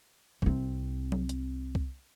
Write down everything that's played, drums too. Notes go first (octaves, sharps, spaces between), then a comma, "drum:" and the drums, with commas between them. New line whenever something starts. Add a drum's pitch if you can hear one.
C2 C4, drum: kick
drum: tom F#3
drum: hi-hat
drum: kick